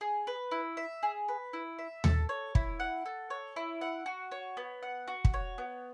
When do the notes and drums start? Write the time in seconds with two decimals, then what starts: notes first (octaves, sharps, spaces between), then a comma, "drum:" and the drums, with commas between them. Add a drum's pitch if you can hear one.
0.01 G#4
0.27 B4
0.51 E4
0.77 E5
1.03 G#4
1.28 B4
1.53 E4
1.79 E5
2.04 A4, drum: tom D#2
2.29 C#5
2.55 E4, drum: kick
2.80 F#5
3.05 A4
3.30 C#5
3.56 E4
3.81 F#5
4.06 F#4
4.31 C#5
4.57 B3
4.83 F#5
5.08 F#4
5.25 drum: kick
5.34 C#5
5.58 B3